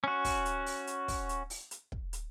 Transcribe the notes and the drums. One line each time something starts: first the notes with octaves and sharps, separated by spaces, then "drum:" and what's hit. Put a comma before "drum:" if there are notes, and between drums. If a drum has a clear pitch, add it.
C#4 F#4
drum: kick, open hi-hat
drum: hi-hat
drum: open hi-hat
drum: hi-hat
drum: kick, open hi-hat
drum: hi-hat
drum: open hi-hat
drum: hi-hat
drum: kick
drum: hi-hat